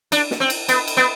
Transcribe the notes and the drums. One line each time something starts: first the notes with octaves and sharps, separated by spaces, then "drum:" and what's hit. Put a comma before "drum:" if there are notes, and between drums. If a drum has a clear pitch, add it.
D4, drum: cymbal
drum: snare
C4
drum: cymbal
B3, drum: cymbal
drum: cymbal
B3